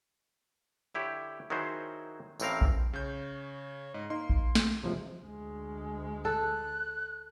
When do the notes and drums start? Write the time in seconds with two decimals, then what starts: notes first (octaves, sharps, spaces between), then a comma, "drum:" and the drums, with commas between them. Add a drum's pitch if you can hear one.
0.94 D3 E4 G4 C#5
1.50 D#3 F#3 E4 F#4 G#4 C5
2.40 A1 A2 E3 C4 A#4 F5, drum: tambourine
2.61 drum: kick A#1
2.93 C#3 C#5 G6
3.94 G#2 D#5
4.10 A#3 D#4 C6
4.30 drum: kick A#1
4.55 drum: snare
4.84 C3 F3 G#3 E4
5.23 D2 G#3
6.25 A4 F#6